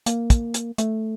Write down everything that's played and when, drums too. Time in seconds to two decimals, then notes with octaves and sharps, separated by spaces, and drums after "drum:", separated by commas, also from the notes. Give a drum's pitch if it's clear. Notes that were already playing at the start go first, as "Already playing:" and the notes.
0.06 A#3, drum: hi-hat
0.30 drum: kick, hi-hat
0.54 drum: hi-hat
0.78 A3, drum: hi-hat